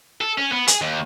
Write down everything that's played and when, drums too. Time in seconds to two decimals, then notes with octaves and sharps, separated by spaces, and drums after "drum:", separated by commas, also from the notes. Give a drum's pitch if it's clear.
0.21 A4
0.38 C#4
0.52 B3
0.68 G#4, drum: hi-hat
0.81 D#2